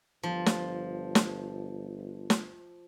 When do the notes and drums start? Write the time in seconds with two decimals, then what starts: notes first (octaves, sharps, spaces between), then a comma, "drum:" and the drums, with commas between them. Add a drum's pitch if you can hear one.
0.23 G1 F3
0.46 drum: snare
1.15 drum: snare
2.30 drum: snare